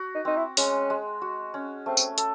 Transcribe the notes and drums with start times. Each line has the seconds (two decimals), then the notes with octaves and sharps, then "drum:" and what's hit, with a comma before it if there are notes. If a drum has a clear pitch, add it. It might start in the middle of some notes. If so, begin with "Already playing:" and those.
Already playing: F#4
0.14 D#4
0.25 C4 D#4
0.36 E4
0.57 G#3 C#4, drum: open hi-hat
0.90 G#3
1.22 F#4
1.54 C#4
1.86 A3 C4
1.97 drum: tambourine
2.18 A4, drum: hi-hat